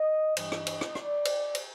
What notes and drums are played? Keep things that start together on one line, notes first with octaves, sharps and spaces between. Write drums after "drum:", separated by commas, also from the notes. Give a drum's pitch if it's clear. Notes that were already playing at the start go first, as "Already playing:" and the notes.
Already playing: D#5
G2 E3 G3 D#5, drum: cymbal
drum: rim click
drum: cymbal
drum: rim click
D5, drum: rim click
drum: cymbal
drum: cymbal